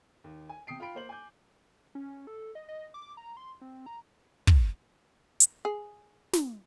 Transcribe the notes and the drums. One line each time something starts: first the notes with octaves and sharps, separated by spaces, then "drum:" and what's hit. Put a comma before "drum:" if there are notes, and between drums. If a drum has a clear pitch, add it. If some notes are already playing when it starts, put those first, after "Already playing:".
D#2
G#5
C3 G5 D#6 C7 D7
F4 G5 B5 D7
A#3 C5 F#7
G#5 D6 G6
C#4
A4
D#5
D#5
D6
A#5
C6
C4
A#5
drum: kick
drum: hi-hat
G#4
drum: snare